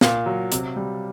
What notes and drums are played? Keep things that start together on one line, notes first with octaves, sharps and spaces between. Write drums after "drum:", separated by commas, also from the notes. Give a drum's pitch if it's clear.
A#2, drum: snare
F#3
C3, drum: hi-hat
G3